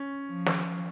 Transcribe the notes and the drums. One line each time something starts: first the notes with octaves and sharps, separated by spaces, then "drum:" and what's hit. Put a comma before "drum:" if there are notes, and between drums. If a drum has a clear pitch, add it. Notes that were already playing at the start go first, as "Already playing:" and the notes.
Already playing: C#4
F3
drum: snare